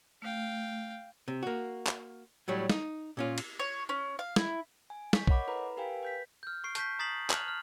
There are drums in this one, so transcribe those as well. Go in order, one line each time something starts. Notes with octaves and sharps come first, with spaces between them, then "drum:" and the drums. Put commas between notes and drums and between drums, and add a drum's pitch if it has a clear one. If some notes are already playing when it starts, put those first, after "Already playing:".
A3 F5 G5
C3
A#3 F#4
drum: clap
A2 F#3 G3
D#4, drum: snare
A#2 C#4 F4
drum: cymbal
C#5
C#4
F5
E4, drum: snare
G#5
C#6 G6 B6, drum: snare
A#4 C#5 D#5 F#5 B5 D6, drum: kick
E4 A4 B4 A#5 B5
G4 A#4 B4 F5 G5 G#5
B4 G6 B6
F6 G6
C#6 C7 D7
A5 C#6 G6 B6, drum: hi-hat
A#5 D#6 A6 B6 C7 F#7
A5 F6 F#6 G#6 F7 F#7, drum: clap
F6